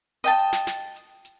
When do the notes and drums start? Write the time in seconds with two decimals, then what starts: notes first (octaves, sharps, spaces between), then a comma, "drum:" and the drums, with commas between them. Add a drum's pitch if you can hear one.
0.24 D#5 G5 A5
0.38 drum: hi-hat
0.53 drum: snare
0.67 drum: snare
0.96 drum: hi-hat
1.25 drum: hi-hat